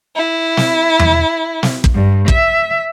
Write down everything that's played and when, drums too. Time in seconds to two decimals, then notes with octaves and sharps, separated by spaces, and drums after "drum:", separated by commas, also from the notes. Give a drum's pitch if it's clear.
0.15 E4
0.57 drum: snare
0.99 drum: tom E2
1.63 drum: snare
1.84 drum: kick
1.93 G2
2.28 E5, drum: kick